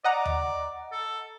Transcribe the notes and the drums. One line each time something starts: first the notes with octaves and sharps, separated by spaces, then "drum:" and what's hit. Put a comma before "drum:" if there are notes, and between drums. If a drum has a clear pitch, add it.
D5 D#5 F#5 A#5
drum: tom D#2
A4